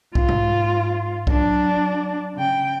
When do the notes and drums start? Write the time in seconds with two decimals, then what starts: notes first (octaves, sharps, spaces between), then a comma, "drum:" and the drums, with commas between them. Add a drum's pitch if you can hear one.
0.15 G#2 F4, drum: kick B1
0.28 drum: tom
1.27 F#3 D4, drum: kick B1
2.35 C#3 G5